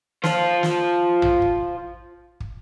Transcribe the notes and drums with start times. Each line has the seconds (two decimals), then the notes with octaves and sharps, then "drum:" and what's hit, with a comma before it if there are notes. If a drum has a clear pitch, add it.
0.24 F4 C5, drum: snare
0.63 drum: snare
1.22 drum: tom A1
1.42 drum: kick
2.40 drum: kick